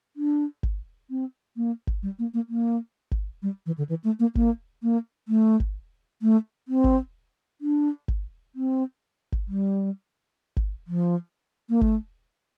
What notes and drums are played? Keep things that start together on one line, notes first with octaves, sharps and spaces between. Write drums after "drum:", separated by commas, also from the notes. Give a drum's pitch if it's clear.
D4
drum: kick G#1
C4
A#3
drum: kick G#1
G3
A#3
A#3
A#3
drum: kick G#1
G3
E3
D3
E3
A3
A#3
A#3, drum: kick G#1
A#3
A3
drum: kick G#1
A3
C4
drum: kick G#1
D4
drum: kick G#1
C4
drum: kick G#1
G3
drum: kick G#1
F3
A#3
A3, drum: kick G#1